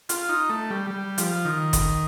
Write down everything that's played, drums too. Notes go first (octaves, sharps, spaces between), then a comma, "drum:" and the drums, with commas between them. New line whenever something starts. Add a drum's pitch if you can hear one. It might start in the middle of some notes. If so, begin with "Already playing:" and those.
F4, drum: hi-hat
D#4
A3
G3
G3
F3, drum: hi-hat
D#3
drum: kick F#1, hi-hat